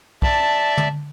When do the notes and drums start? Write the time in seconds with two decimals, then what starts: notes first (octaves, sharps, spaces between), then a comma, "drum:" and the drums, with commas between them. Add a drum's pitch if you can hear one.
0.22 D5 E5 A5, drum: kick
0.77 drum: tom